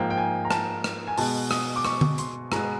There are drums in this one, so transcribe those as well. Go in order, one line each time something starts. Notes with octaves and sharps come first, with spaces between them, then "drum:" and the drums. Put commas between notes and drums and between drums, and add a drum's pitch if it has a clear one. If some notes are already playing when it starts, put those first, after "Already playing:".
Already playing: G#2 F3 A#3 G5
G5
G#5
A#5
A5, drum: rim click
drum: rim click
G#5
B2 G#3 B3 A5, drum: open hi-hat
D#6, drum: rim click
D6
C#6, drum: rim click
drum: tom D3
C6, drum: hi-hat
B2 G#3 B3 A#5, drum: rim click